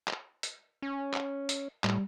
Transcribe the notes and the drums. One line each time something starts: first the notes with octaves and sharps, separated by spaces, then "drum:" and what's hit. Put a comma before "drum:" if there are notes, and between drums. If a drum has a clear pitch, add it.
drum: clap
drum: hi-hat
C#4
drum: clap
drum: hi-hat
A2 G3, drum: clap